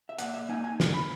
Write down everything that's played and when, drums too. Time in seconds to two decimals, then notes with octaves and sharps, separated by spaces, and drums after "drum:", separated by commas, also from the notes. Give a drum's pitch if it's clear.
0.09 E5
0.18 A#2 F#5, drum: hi-hat
0.34 E5
0.49 A#3 D#4 G#5
0.64 G#5
0.80 A#2, drum: snare
0.94 B5